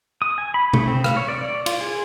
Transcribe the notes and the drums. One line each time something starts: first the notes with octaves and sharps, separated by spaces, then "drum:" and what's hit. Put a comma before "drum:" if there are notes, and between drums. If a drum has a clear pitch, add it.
D#6
G#5
B5
A3, drum: tom B2
C4
F5, drum: rim click
C#5
D5
D5
F4, drum: cymbal
G#4